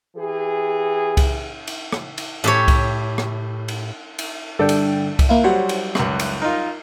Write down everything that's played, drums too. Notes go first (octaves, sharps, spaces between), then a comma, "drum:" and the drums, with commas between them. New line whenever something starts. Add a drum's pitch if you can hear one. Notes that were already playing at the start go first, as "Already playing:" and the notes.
E3 G4 G#4
drum: kick C2, cymbal
drum: cymbal
drum: rim click
drum: cymbal
A2 G4 C#5
drum: kick C2, cymbal
drum: rim click
drum: cymbal
drum: cymbal
G2 D3 A4 D5 G5
drum: cymbal
drum: kick C2, cymbal
A#3 E4 F4
F#3 G3 C5 C#5 F#5
drum: cymbal
C#2 F#2 F#6, drum: rim click
drum: cymbal
D#4 F4 A#4